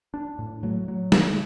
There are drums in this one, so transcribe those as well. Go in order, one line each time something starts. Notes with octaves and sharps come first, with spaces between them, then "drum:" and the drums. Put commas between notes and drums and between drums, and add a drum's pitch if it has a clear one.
D4
A2
F#3 A3
F#3
D3 G#3, drum: snare